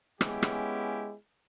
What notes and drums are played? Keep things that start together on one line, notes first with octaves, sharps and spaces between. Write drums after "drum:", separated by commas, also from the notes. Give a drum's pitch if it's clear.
G#3 B3 C#4 E4 G4, drum: rim click
drum: rim click